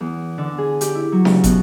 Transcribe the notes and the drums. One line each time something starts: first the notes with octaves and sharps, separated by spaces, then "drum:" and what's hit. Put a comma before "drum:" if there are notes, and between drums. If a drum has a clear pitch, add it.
E2
D3
G#4
G4, drum: hi-hat
E4
F#3
C#3, drum: snare D4
B2, drum: kick, hi-hat